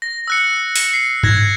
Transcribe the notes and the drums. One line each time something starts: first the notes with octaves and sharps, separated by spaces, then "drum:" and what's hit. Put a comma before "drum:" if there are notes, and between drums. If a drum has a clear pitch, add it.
A#6
E6 F#6 C#7
drum: open hi-hat
C7
F#6 G#6 A#6, drum: tom G2